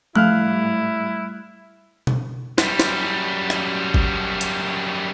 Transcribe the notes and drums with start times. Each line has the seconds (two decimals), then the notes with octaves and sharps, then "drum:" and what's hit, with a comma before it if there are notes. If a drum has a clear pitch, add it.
0.16 A2 G3 A3 E4 F5 F6 F#6, drum: tom F3
2.07 drum: tom B2
2.58 F#2 G3, drum: snare
2.80 drum: snare
3.50 drum: rim click
3.94 drum: kick G1
4.41 drum: hi-hat